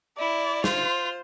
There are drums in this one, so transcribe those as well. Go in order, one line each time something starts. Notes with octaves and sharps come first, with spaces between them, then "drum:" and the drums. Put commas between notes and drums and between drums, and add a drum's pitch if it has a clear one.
E4 D5
F4 C5, drum: snare